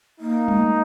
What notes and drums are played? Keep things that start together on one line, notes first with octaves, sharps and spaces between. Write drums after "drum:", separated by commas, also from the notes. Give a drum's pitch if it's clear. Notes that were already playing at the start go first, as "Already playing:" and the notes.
A#3 D#4
drum: tom G3